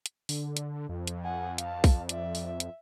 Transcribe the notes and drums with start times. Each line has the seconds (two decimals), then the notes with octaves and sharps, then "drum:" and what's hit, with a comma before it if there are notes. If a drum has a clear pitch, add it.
0.06 drum: hi-hat
0.29 D3, drum: open hi-hat
0.57 drum: hi-hat
0.89 F2
1.07 drum: hi-hat
1.24 F#5 G#5
1.58 F5 A5, drum: hi-hat
1.84 drum: kick B1, open hi-hat
2.09 D5 E5, drum: hi-hat
2.35 drum: open hi-hat
2.47 E5
2.60 drum: hi-hat